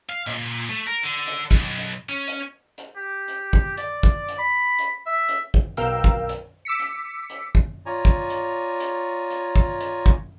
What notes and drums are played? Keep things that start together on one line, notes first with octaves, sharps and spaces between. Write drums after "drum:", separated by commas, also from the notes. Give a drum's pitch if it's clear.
F5
A#2, drum: hi-hat
A3
A#4
D3
drum: hi-hat
B1, drum: kick
drum: hi-hat
C#4
drum: hi-hat
drum: hi-hat
G4
drum: hi-hat
drum: kick
D5, drum: hi-hat
drum: kick
drum: hi-hat
B5
drum: hi-hat
E5
drum: hi-hat
drum: kick
B1 B2 A#4 F5 G5 E6, drum: hi-hat
drum: kick
drum: hi-hat
D6 E6 B6 C#7
drum: hi-hat
drum: hi-hat
drum: kick
F4 C#5 D5 G#5 A#5
drum: kick
drum: hi-hat
drum: hi-hat
drum: hi-hat
drum: kick
drum: hi-hat
drum: kick